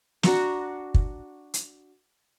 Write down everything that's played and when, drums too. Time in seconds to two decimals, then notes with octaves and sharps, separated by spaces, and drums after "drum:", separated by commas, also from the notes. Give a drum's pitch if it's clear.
0.23 D4 F#4 A#5 C#6, drum: snare
0.94 drum: kick
1.54 drum: hi-hat